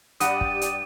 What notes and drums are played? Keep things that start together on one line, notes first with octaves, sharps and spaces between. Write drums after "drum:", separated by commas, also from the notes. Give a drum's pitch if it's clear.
G2 G4 D5 F#5 D#6 D#7, drum: hi-hat
drum: kick
drum: hi-hat